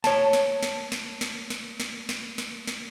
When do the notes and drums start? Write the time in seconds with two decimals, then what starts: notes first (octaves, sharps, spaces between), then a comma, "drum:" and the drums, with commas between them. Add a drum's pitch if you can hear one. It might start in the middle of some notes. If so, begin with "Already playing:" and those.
0.04 C#5 A5, drum: snare
0.33 drum: snare
0.63 drum: snare
0.92 drum: snare
1.21 drum: snare
1.50 drum: snare
1.80 drum: snare
2.09 drum: snare
2.38 drum: snare
2.67 drum: snare